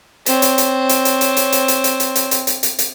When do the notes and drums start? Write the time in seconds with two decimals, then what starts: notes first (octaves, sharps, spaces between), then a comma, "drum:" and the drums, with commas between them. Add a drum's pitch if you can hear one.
0.26 C4 C#5, drum: hi-hat
0.42 drum: hi-hat
0.58 drum: hi-hat
0.89 drum: hi-hat
1.05 drum: hi-hat
1.21 drum: hi-hat
1.37 drum: hi-hat
1.52 drum: hi-hat
1.68 drum: hi-hat
1.84 drum: hi-hat
2.00 drum: hi-hat
2.16 drum: hi-hat
2.31 drum: hi-hat
2.47 drum: hi-hat
2.63 drum: hi-hat
2.79 drum: hi-hat